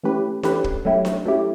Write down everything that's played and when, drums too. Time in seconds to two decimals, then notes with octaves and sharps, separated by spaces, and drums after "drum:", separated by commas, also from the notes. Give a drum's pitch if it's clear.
0.03 E3 A3 C#4 G4 B4
0.43 E3 A3 C#4 G4 B4, drum: snare D4
0.64 drum: kick
0.85 F#3 A3 C#4 E4 G4
1.05 drum: snare D4
1.25 F#3 A3 C#4 E4 G4